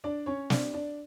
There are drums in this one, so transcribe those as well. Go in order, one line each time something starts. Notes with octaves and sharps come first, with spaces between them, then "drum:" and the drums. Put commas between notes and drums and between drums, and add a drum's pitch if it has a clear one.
D4 D5
C#4 C#5
D4 D5, drum: snare
D4 D5